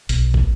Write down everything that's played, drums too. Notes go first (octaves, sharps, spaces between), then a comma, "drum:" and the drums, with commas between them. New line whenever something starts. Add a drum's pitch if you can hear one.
B1, drum: hi-hat
drum: kick